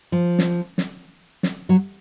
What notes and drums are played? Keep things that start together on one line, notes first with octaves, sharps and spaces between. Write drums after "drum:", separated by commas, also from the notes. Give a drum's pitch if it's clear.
F3
drum: snare
drum: snare
drum: snare
F#3